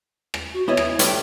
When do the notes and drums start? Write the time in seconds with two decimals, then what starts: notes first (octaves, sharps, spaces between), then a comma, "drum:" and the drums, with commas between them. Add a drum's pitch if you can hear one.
0.34 drum: rim click
0.53 F#4
0.68 B3 E4 C#5 D#5
0.77 drum: rim click
0.99 G2 A3 B4 G5, drum: hi-hat